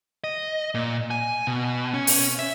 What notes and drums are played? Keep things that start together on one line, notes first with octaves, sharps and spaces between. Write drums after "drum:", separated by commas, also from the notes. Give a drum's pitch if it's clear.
D#5
A#2
G#5
B2
C#4
drum: open hi-hat
E5